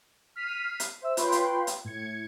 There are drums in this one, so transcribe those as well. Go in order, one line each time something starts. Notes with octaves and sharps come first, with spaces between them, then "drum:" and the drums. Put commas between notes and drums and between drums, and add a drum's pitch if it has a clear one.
F6 B6 C7 D#7
drum: hi-hat
C5 E5 E6
F4 B4 C#5 G5 B5 C6, drum: hi-hat
drum: hi-hat
drum: hi-hat
A2 G#6 C#7